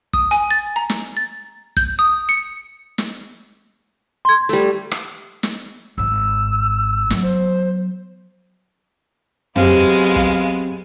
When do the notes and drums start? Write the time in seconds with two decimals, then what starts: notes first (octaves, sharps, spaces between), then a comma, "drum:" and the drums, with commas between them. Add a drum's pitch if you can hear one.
0.14 D#6, drum: kick
0.31 G#5, drum: hi-hat
0.51 A6
0.76 A#5
0.89 drum: snare
1.17 A6
1.77 G6, drum: kick
1.99 D#6
2.29 C#7
2.98 drum: snare
4.25 C6 G#6
4.49 G3 A3, drum: hi-hat
4.91 drum: rim click
5.43 drum: snare
5.98 G#1 G#2 E6
7.10 F#3 B3, drum: snare
7.23 C5
9.56 F#3 G#3 B3 C4 G4 F5, drum: tom
10.16 drum: kick